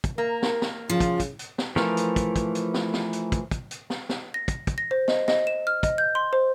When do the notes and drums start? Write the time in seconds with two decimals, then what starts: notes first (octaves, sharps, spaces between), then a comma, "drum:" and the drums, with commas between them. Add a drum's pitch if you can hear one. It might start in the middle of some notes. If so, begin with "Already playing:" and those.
0.04 drum: kick, hi-hat
0.18 A#3 A#4
0.43 drum: snare
0.62 drum: snare
0.90 C#3 F3 F4
1.00 drum: kick, hi-hat
1.20 drum: kick, hi-hat
1.39 drum: hi-hat
1.58 drum: snare
1.76 E3 F3 A3 A#4, drum: snare
1.97 drum: hi-hat
2.16 drum: kick, hi-hat
2.36 drum: kick, hi-hat
2.55 drum: hi-hat
2.74 drum: snare
2.94 drum: snare
3.13 drum: hi-hat
3.32 drum: kick, hi-hat
3.51 drum: kick, hi-hat
3.71 drum: hi-hat
3.90 drum: snare
4.09 drum: snare
4.34 A#6
4.48 drum: kick, hi-hat
4.67 drum: kick, hi-hat
4.78 A#6
4.91 C5
5.08 D#5, drum: snare
5.28 D#5, drum: snare
5.47 E7
5.67 F6
5.83 D#5, drum: kick, hi-hat
5.98 G6
6.15 C6
6.33 C5